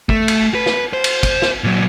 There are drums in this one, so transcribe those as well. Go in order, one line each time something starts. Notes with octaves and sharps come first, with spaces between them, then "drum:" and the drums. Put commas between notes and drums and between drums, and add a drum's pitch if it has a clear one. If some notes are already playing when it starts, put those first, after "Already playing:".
A3, drum: kick
drum: cymbal
B4
drum: snare
C5
drum: cymbal
drum: kick, cymbal
drum: snare
A#2 F#3